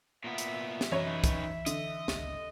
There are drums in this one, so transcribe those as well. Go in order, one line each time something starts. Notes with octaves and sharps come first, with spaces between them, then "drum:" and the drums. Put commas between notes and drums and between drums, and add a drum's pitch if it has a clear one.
A#2 B3 E5
drum: hi-hat
drum: snare
F#2 E3 D#4 B4 C#5
drum: kick, hi-hat
D3 D#5, drum: hi-hat
D1 G#1 C#2, drum: snare